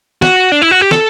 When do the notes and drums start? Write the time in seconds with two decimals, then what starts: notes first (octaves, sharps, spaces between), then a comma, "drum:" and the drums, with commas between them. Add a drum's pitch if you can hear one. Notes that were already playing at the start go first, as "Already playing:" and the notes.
0.22 F#4, drum: snare
0.52 D4
0.62 E4
0.71 F#4
0.81 G4
0.91 A4, drum: snare